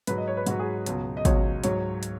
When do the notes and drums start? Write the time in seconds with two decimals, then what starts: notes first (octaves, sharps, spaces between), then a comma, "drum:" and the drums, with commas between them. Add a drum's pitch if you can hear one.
0.07 G#2 F#3 B4, drum: hi-hat
0.18 D#5
0.28 C#5
0.37 B4
0.46 G#2 F#3 F#4, drum: hi-hat
0.59 G#4
0.86 C#2 B2 F#3, drum: hi-hat
1.17 D#5
1.25 C#2 B2 F#3 C#5, drum: kick, hi-hat
1.64 G#2 F#3 C#5, drum: hi-hat
2.03 drum: hi-hat